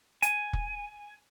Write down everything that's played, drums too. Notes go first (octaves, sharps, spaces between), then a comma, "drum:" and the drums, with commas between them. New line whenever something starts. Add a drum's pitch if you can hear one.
G#5, drum: hi-hat
drum: kick